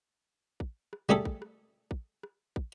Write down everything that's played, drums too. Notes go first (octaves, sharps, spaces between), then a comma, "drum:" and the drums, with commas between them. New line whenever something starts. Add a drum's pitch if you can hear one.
drum: kick
drum: rim click
G3 A3 G#4 A4
drum: kick
drum: rim click
drum: kick
drum: rim click
drum: kick